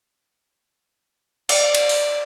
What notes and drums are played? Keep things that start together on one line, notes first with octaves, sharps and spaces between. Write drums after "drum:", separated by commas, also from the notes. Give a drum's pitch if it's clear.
D5, drum: cymbal
drum: cymbal
drum: open hi-hat